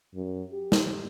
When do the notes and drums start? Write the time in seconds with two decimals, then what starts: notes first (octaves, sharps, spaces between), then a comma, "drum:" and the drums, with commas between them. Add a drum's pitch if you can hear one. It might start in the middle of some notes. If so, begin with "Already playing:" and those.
0.15 F#2
0.52 G4
0.72 drum: snare